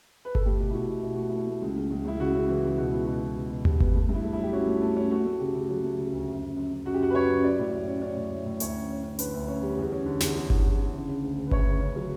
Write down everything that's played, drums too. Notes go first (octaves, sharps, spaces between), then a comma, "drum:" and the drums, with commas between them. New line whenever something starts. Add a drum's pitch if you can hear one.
B4
A4, drum: kick G1
A3 G4
B2
E4
B2 F#4
B2
B2 E4
A3 F#4
A3 E4
A3
C#2
C#2
C#2
C#2 E4
C#3 F#4
C#3
E3
C#2
B2 F#4
B3 E4
B2 F#4
B2
B2
B2
G3, drum: tom D#2
B3, drum: kick G1
A3
G2
E4
A3
E4
F#3 G4
C#4 F#4
A3
A3
C#4
A3 F#4
A3
C#3 G4
C#3
F#3
A3
C#3
D2
F#2
F#2
F#2
F#2
F#2 F#4
G4
F#2 F#4
B4
F#2 C#5
F#2
F#3 D5
A2
A2
C#4
C#4 D5
A2
A2
A2
D2 C#5, drum: hi-hat
C#4
C#4
C#4
D3 B4, drum: hi-hat
D2
C#4
G3
E2
C#4
D3
E2, drum: snare
D3
D3, drum: kick G1
E2
D3
C#3
C#3
D2
D2
B4
D2 C#5, drum: kick G1
C#3
C#4
F#3